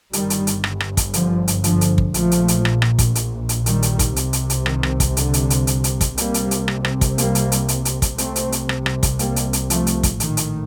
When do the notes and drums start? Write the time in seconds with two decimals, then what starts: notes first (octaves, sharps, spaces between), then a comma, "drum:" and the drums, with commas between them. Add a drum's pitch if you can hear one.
0.13 G1 G2 D#3 G3, drum: hi-hat
0.30 drum: hi-hat
0.47 drum: hi-hat
0.64 drum: rim click
0.80 drum: rim click
0.97 drum: kick, hi-hat
1.14 D3 F3, drum: hi-hat
1.48 drum: hi-hat
1.64 D3 F3, drum: hi-hat
1.81 drum: hi-hat
1.98 drum: kick
2.14 A#1 A#2 F3 A3, drum: hi-hat
2.31 drum: hi-hat
2.48 drum: hi-hat
2.65 drum: rim click
2.82 drum: rim click
2.99 drum: kick, hi-hat
3.15 drum: hi-hat
3.49 drum: hi-hat
3.66 D#3 G3, drum: hi-hat
3.83 drum: hi-hat
3.99 drum: kick, hi-hat
4.16 C2 C3, drum: hi-hat
4.33 drum: hi-hat
4.50 drum: hi-hat
4.66 D#3, drum: rim click
4.83 drum: rim click
5.00 drum: kick, hi-hat
5.17 D3, drum: hi-hat
5.34 drum: hi-hat
5.50 drum: hi-hat
5.67 drum: hi-hat
5.84 drum: hi-hat
6.01 drum: kick, hi-hat
6.18 C2 C3 G3 A#3, drum: hi-hat
6.34 drum: hi-hat
6.51 drum: hi-hat
6.68 drum: rim click
6.85 drum: rim click
7.01 drum: kick, hi-hat
7.18 G3 A#3, drum: hi-hat
7.35 drum: hi-hat
7.52 drum: hi-hat
7.68 drum: hi-hat
7.85 drum: hi-hat
8.02 drum: kick, hi-hat
8.18 C2 C3 A3 C4, drum: hi-hat
8.36 drum: hi-hat
8.52 drum: hi-hat
8.69 drum: rim click
8.86 drum: rim click
9.03 drum: kick, hi-hat
9.19 G3 A#3, drum: hi-hat
9.36 drum: hi-hat
9.53 drum: hi-hat
9.70 F3 A3, drum: hi-hat
9.87 drum: hi-hat
10.03 drum: kick, hi-hat
10.20 A#1 A2 D#3, drum: hi-hat
10.37 drum: hi-hat